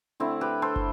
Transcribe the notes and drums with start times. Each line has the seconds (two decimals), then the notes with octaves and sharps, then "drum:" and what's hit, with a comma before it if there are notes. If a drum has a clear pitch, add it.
0.20 D3 A3 C4 E4
0.41 G4 B4
0.62 A4 C5
0.76 drum: kick